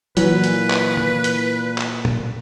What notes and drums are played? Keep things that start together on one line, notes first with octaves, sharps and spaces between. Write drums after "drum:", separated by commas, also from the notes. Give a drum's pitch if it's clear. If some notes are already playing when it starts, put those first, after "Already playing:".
A#2 E3 F#3 B4, drum: hi-hat
drum: hi-hat
drum: clap
drum: tom
drum: hi-hat
drum: clap
drum: tom